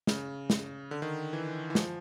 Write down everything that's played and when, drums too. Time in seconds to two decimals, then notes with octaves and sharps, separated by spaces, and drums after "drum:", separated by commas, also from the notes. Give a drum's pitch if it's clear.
0.07 C#3, drum: snare
0.50 drum: snare
0.91 D3
1.02 D#3
1.33 E3
1.70 E3
1.75 F3, drum: snare